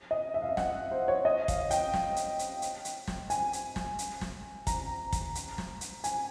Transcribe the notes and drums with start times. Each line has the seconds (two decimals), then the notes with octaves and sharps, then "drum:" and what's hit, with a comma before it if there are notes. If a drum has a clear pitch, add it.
0.11 D#5
0.34 E5
0.42 F5
0.49 E5
0.57 F#5, drum: snare
0.91 C5
1.08 C#5
1.25 D#5
1.48 F5, drum: kick, hi-hat
1.71 G5, drum: hi-hat
1.94 drum: snare
2.16 drum: hi-hat
2.39 drum: hi-hat
2.62 drum: hi-hat
2.85 drum: hi-hat
3.07 drum: snare
3.30 G#5, drum: hi-hat
3.53 drum: hi-hat
3.76 drum: snare
3.99 drum: hi-hat
4.21 drum: snare
4.67 A#5, drum: kick, hi-hat
5.13 drum: kick, hi-hat
5.35 drum: hi-hat
5.58 drum: snare
5.81 drum: hi-hat
6.04 G#5, drum: hi-hat